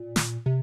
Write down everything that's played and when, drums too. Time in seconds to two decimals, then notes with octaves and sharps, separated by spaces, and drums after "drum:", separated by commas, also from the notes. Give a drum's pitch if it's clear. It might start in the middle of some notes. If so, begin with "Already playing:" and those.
Already playing: A#2
0.16 drum: snare
0.46 C3